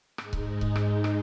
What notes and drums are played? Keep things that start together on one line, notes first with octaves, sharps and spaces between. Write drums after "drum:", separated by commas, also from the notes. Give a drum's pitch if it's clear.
G#2 G#3 D#4, drum: rim click
drum: kick C#1
drum: kick C#1
drum: rim click
drum: rim click